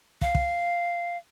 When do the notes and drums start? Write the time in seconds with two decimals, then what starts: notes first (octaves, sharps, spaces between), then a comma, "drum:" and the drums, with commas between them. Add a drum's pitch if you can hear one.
0.21 F5, drum: kick
0.35 drum: kick